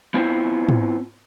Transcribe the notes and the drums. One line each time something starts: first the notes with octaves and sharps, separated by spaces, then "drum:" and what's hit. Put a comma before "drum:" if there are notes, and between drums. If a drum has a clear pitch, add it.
B3 C4 E4 F4 C5 C#5
drum: tom